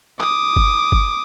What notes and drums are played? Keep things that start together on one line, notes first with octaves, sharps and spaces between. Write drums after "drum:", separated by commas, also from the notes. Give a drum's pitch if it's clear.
D6 D#6, drum: clap
drum: kick G1
drum: kick G1